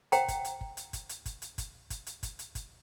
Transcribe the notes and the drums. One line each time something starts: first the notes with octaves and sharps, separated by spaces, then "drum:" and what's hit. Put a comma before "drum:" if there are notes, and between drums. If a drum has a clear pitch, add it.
C5 F#5 G5 A#5, drum: hi-hat
drum: kick G1, hi-hat
drum: hi-hat
drum: kick G1
drum: hi-hat
drum: kick G1, hi-hat
drum: hi-hat
drum: kick G1, hi-hat
drum: hi-hat
drum: kick G1, hi-hat
drum: kick G1, hi-hat
drum: hi-hat
drum: kick G1, hi-hat
drum: hi-hat
drum: kick G1, hi-hat